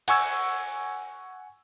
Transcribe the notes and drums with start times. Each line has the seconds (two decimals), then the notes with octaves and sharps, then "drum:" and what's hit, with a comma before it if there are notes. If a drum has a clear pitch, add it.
0.08 F#5 G#5 C#6 E6 G#6, drum: cymbal